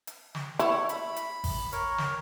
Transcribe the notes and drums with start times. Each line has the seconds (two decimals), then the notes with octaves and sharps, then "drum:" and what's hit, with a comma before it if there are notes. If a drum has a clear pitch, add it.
0.07 drum: hi-hat
0.35 drum: snare
0.59 E4 C#5, drum: hi-hat
0.89 B5, drum: hi-hat
1.16 drum: hi-hat
1.44 drum: kick G#1, open hi-hat
1.72 A#4 C#5, drum: hi-hat
1.98 drum: snare